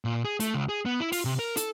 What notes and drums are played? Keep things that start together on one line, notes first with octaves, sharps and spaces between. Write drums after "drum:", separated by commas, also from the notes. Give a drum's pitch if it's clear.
A#2
G#4
A3, drum: hi-hat
C#2
G#4
B3
E4
F4, drum: open hi-hat
C3
A#4
A4, drum: hi-hat